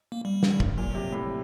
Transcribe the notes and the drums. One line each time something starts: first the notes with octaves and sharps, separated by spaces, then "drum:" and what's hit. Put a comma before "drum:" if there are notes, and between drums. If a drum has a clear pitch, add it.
A#3
G3
drum: snare
drum: kick
A#2 F#3
C3
A2